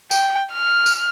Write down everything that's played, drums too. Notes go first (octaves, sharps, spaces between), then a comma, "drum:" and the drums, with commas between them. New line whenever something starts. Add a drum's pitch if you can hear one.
G5, drum: tambourine
F6
drum: tambourine